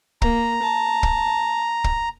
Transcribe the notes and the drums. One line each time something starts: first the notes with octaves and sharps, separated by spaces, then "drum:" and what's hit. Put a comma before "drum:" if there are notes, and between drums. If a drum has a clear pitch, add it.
A#3 A#5, drum: kick
A5
drum: kick
drum: kick